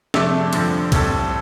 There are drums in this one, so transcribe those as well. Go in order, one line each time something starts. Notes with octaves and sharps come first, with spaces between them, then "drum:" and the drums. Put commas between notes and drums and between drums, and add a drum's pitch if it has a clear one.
F2 C3 A3 D4, drum: snare
G2 D3 F3 C4, drum: cymbal
A2 G3 C4 A4, drum: kick B1, cymbal